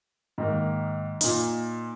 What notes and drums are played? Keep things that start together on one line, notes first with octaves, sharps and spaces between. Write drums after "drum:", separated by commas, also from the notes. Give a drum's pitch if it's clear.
G#2 D#3 A#3 D#4 A#4
A#2 A#3 D#4, drum: open hi-hat